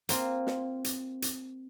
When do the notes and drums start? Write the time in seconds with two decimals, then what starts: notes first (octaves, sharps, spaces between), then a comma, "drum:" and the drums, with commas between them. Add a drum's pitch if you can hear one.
0.09 A#3 C4 F4, drum: hi-hat
0.47 drum: snare
0.84 drum: hi-hat
1.22 drum: hi-hat